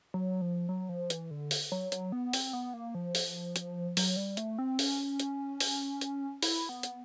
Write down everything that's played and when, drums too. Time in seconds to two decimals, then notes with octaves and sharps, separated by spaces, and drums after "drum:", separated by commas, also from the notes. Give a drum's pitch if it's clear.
0.14 F#3
0.41 F3
0.69 F#3
0.89 F3
1.10 E3, drum: hi-hat
1.31 D3
1.51 drum: open hi-hat
1.72 F#3
1.92 F#3, drum: hi-hat
2.12 B3
2.33 C4, drum: open hi-hat
2.53 B3
2.74 A#3
2.95 F3
3.15 drum: open hi-hat
3.56 drum: hi-hat
3.97 F#3, drum: open hi-hat
4.17 G3
4.37 A3, drum: hi-hat
4.58 C4
4.79 C#4, drum: open hi-hat
5.20 drum: hi-hat
5.60 drum: open hi-hat
6.01 drum: hi-hat
6.42 E4, drum: open hi-hat
6.69 B3
6.83 drum: hi-hat